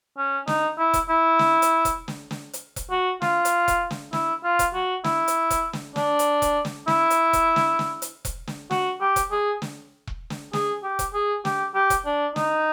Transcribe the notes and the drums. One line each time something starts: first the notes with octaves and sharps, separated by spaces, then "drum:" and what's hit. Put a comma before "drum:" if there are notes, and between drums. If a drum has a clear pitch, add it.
C#4
D#4, drum: snare
E4
drum: kick E1, hi-hat
E4
drum: snare
drum: hi-hat
drum: kick E1, hi-hat
drum: snare
drum: snare
drum: hi-hat
drum: kick E1, hi-hat
F#4
F4, drum: snare
drum: hi-hat
drum: kick E1, hi-hat
drum: snare
E4, drum: snare
F4
drum: kick E1, hi-hat
F#4
E4, drum: snare
drum: hi-hat
drum: kick E1, hi-hat
drum: snare
D4, drum: snare
drum: hi-hat
drum: kick E1, hi-hat
drum: snare
E4, drum: snare
drum: hi-hat
drum: kick E1, hi-hat
drum: snare
drum: snare
drum: hi-hat
drum: kick E1, hi-hat
drum: snare
F#4, drum: snare
G4
drum: kick E1, hi-hat
G#4
drum: snare
drum: kick E1
drum: snare
G#4, drum: snare
G4
drum: kick E1, hi-hat
G#4
G4, drum: snare
G4
drum: kick E1, hi-hat
D4
D#4, drum: snare